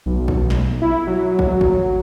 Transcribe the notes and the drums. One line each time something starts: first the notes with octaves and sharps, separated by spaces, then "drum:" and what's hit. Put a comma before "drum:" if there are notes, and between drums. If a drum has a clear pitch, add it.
B1
drum: kick
drum: snare
E4
F#3
drum: kick
drum: kick